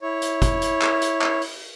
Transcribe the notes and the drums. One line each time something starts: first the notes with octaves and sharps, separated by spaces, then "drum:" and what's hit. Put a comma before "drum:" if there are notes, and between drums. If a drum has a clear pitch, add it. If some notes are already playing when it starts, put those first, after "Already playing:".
E4 C#5
drum: hi-hat
drum: kick, hi-hat
drum: hi-hat
drum: clap
drum: hi-hat
drum: clap
drum: open hi-hat